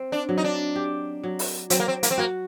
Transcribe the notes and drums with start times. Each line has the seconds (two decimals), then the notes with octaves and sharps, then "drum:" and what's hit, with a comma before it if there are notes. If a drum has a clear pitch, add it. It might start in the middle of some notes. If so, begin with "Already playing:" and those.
Already playing: C4
0.12 D4
0.29 F#3
0.37 D#4
0.44 D4
0.76 G4
1.23 F#3
1.39 drum: open hi-hat
1.70 F#3 C4, drum: hi-hat
1.80 A#3
1.88 C4
2.03 A#3, drum: hi-hat
2.11 C4
2.18 A#3 F#4